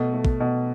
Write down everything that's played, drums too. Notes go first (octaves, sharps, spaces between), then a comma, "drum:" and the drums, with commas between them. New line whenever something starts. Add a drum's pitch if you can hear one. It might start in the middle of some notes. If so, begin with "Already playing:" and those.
Already playing: B2 A3
A3
drum: kick A1
B2